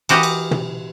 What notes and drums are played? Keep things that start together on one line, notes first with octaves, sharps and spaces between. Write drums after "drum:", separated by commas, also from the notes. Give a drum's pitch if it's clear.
E3 F#4 G4 A#4 D#5 A#5, drum: cymbal
drum: cymbal
drum: tom